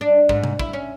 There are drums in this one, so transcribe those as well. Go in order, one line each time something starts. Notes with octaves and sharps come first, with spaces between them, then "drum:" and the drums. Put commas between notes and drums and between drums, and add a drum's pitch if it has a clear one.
D4
G#2, drum: kick
drum: tom C3
E4, drum: kick
C#4